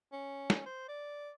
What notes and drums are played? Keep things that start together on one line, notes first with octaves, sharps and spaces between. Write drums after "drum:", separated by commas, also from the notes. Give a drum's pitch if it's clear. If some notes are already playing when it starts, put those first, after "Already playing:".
C#4
drum: snare
C5
D5